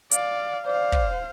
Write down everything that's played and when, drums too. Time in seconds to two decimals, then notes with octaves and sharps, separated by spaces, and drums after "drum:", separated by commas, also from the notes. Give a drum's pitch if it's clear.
0.11 D5 F5, drum: hi-hat
0.66 C5 D5 F5
0.92 drum: kick